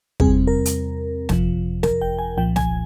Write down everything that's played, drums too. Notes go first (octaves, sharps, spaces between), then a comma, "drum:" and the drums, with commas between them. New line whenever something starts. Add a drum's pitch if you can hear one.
E2 C3 G3 C4 G#4, drum: kick
A#4
drum: hi-hat
G1 F2 C3 F3, drum: snare
A#4, drum: snare
G5
G#5
C2 A#2 F3 G5
G#5, drum: snare